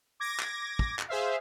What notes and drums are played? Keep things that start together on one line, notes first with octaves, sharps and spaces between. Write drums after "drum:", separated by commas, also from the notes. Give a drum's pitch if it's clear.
D6 G#6 A#6
drum: clap
drum: kick
drum: clap
G#4 C5 E5 F5